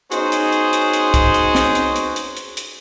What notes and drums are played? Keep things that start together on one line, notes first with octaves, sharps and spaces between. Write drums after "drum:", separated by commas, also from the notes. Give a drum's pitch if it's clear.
B3 C#4 D#4 F#4 G#4 C5, drum: hi-hat
drum: hi-hat
drum: hi-hat
drum: hi-hat
drum: hi-hat
drum: kick, hi-hat
drum: hi-hat
drum: snare
drum: hi-hat
drum: hi-hat
drum: hi-hat
drum: hi-hat
drum: hi-hat